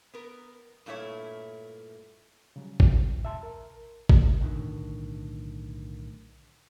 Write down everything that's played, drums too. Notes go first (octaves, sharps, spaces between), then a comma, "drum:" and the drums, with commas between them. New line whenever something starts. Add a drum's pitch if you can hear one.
B3 A#4
G2 A#2 A3 E4 C#5
C#3 F#3 G3
G#2 C3 F#3 E4 F4, drum: kick G#1
D2
B2 E5 A5 C6
A#4
drum: kick G#1
B1 A2 D3 D#3